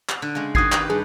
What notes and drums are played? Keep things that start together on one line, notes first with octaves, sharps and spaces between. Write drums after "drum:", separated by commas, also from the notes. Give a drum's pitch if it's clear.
drum: clap
D3
C#3 G#3
D#3 F#4 D#6 G#6 C7, drum: kick G#1
F#4 G4 B4, drum: clap
G2 G#4